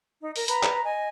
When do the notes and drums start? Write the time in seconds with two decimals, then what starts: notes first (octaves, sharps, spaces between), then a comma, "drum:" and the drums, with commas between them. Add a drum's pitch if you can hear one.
0.20 D#4
0.36 A#4, drum: open hi-hat
0.48 B4 A#5 B5, drum: hi-hat
0.63 drum: clap
0.84 D#5 G#5